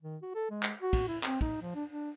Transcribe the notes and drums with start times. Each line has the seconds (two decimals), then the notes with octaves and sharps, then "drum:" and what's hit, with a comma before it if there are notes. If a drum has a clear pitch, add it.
0.02 D#3
0.22 F#4
0.35 A4
0.50 G#3
0.63 drum: clap
0.82 F#4
0.93 drum: kick, cymbal
1.08 E4
1.23 C4, drum: clap
1.41 D#4, drum: kick
1.62 F3
1.75 D4
1.90 D4